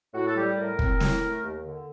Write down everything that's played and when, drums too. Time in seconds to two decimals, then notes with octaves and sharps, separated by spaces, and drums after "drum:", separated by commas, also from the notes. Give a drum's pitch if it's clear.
0.14 A2 F#4
0.26 A4
0.36 G3 G4
0.57 A2 A#4
0.79 C4, drum: kick
1.00 A2, drum: snare
1.22 A3
1.43 D#2
1.64 D3